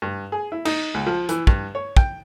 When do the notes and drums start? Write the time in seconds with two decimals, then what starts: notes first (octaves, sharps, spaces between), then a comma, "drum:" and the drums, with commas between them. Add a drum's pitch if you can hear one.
0.02 G2
0.32 G#4
0.52 E4
0.65 D#4, drum: cymbal
0.94 C#2
1.07 F3
1.29 E3, drum: hi-hat
1.47 G2, drum: kick
1.75 C#5
1.97 G5, drum: kick